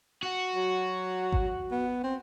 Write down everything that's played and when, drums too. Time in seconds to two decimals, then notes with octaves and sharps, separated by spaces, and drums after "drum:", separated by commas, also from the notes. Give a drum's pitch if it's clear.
0.23 F#4
0.55 F#3
1.32 drum: kick G#1
1.72 B3
2.04 C4